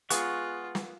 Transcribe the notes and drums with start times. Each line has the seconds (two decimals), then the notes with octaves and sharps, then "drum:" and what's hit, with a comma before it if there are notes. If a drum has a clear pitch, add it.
0.10 G#3 B3 F4 G#4 F#5 C#6, drum: hi-hat
0.75 drum: snare